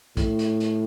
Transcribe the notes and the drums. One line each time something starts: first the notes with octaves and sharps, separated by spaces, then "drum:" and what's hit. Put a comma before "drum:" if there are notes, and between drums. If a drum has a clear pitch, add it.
A2, drum: kick, hi-hat
drum: hi-hat
drum: hi-hat